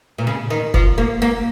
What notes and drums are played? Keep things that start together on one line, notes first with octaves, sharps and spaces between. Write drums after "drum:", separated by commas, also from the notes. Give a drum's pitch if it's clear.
A#2
C#3
D#3
F3, drum: kick F1
A#3
A#3